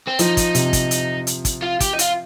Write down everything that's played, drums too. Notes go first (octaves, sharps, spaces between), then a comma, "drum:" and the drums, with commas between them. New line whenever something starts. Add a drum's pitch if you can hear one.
C4
F3 D#4, drum: hi-hat
drum: kick, hi-hat
C3, drum: hi-hat
drum: kick, hi-hat
drum: hi-hat
drum: hi-hat
drum: kick, hi-hat
F4
G4, drum: kick, hi-hat
D#4
F4, drum: hi-hat